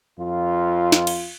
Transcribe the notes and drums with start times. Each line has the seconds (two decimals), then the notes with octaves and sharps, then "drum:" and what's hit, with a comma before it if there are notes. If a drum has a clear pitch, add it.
0.20 F2 F4
0.92 drum: snare
1.07 drum: cymbal